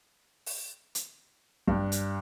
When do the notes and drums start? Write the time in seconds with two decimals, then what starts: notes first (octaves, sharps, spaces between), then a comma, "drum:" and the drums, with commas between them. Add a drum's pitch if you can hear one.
0.46 drum: open hi-hat
0.95 drum: hi-hat
1.68 G2, drum: kick
1.92 drum: hi-hat